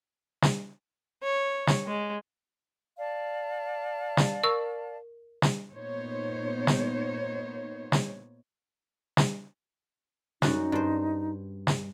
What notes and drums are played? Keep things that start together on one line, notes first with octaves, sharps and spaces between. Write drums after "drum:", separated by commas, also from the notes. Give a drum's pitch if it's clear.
drum: snare
C#5
drum: snare
G#3
D5 F5 A5
drum: snare
A#4 C#6 E6
drum: snare
A#2 B3 D#4 C5 C#5
drum: snare
drum: snare
drum: snare
F#2 D#4 F#4, drum: snare
G2 C5
drum: snare